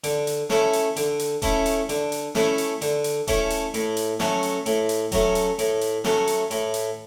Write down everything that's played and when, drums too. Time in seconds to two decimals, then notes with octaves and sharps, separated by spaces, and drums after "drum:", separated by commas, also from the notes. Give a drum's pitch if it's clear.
0.04 D3, drum: hi-hat
0.27 drum: hi-hat
0.50 A3 C#4 E4, drum: snare
0.73 drum: hi-hat
0.97 D3, drum: hi-hat
1.19 drum: hi-hat
1.42 A3 C#4 E4, drum: kick D#1, hi-hat
1.66 drum: hi-hat
1.89 D3, drum: hi-hat
2.12 drum: hi-hat
2.35 A3 C#4 E4, drum: snare
2.58 drum: hi-hat
2.82 D3, drum: hi-hat
3.04 drum: hi-hat
3.28 A3 C#4 E4, drum: kick D#1, hi-hat
3.50 drum: hi-hat
3.74 A2, drum: hi-hat
3.97 drum: hi-hat
4.20 F#3 A3 C#4, drum: snare
4.43 drum: hi-hat
4.66 A2, drum: hi-hat
4.89 drum: hi-hat
5.12 F#3 A3 C#4, drum: kick D#1, hi-hat
5.35 drum: hi-hat
5.59 A2, drum: hi-hat
5.81 drum: hi-hat
6.04 F#3 A3 C#4, drum: snare
6.28 drum: hi-hat
6.51 A2, drum: hi-hat
6.74 drum: hi-hat